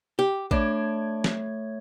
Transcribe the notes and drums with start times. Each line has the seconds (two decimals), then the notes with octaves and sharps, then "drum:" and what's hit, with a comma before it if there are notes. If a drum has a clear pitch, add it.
0.19 G4
0.51 A3 D4 C#5 G#6, drum: kick A#1
1.24 drum: snare